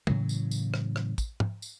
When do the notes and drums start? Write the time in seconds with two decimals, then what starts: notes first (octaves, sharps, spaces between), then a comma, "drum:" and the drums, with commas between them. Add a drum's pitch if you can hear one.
0.07 A2 C#3 E3 F#3, drum: tom
0.29 drum: tambourine
0.51 drum: tambourine
0.74 drum: rim click
0.96 drum: rim click
1.18 drum: kick, tambourine
1.40 drum: tom
1.62 drum: tambourine